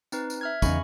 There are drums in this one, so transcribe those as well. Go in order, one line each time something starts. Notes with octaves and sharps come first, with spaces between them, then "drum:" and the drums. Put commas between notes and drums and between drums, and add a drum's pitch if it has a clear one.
C4 D#4 B4, drum: tambourine
drum: tambourine
E5 F6 G#6
E2 C#3 D#4 G#5 B5 C#6, drum: kick, tambourine